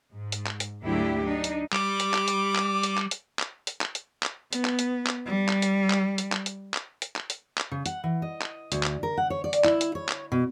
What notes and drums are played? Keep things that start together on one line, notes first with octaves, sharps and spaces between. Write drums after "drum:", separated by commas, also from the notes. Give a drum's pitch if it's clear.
G#2
drum: hi-hat
drum: clap
drum: hi-hat
D2 G#2 F#3 D4 E4 G4
D4 D#4
drum: hi-hat
G3 D6, drum: clap
drum: hi-hat
drum: clap
drum: hi-hat
drum: clap
drum: hi-hat
drum: clap
drum: hi-hat
drum: clap
drum: hi-hat
drum: clap
drum: hi-hat
drum: clap
B3, drum: hi-hat
drum: clap
drum: hi-hat
drum: clap
G3
drum: clap
drum: hi-hat
drum: clap
drum: hi-hat
drum: clap
drum: hi-hat
drum: clap
drum: hi-hat
drum: clap
drum: hi-hat
drum: clap
C#3
F#5, drum: hi-hat
E3
D#5
drum: clap
D2, drum: hi-hat
drum: clap
A#4
F#5
C#5
D5
drum: hi-hat
E4, drum: clap
drum: hi-hat
C#5
drum: clap
B2